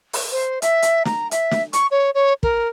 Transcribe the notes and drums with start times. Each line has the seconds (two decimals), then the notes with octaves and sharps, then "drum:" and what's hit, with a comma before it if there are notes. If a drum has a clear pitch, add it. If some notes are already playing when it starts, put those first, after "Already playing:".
0.13 drum: open hi-hat
0.32 C5
0.62 E5, drum: hi-hat
0.82 drum: hi-hat
1.05 A#5, drum: snare
1.31 E5, drum: hi-hat
1.51 drum: snare
1.73 C#6, drum: hi-hat
1.91 C#5
2.15 C#5
2.43 A#4, drum: kick